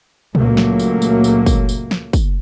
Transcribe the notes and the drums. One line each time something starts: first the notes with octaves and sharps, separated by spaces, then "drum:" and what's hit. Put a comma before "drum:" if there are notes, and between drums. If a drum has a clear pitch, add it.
C#2 A#2 F#3 A3 A#3, drum: tom A#2
drum: snare
drum: tambourine
drum: tambourine
drum: tambourine
drum: kick, tambourine
drum: tambourine
drum: snare
drum: kick, tambourine